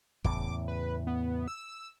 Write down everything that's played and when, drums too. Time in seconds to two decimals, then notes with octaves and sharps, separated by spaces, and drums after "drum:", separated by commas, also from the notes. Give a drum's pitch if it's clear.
0.24 E2 A2 C#3 D6, drum: kick
0.68 B4
1.07 B3
1.48 E6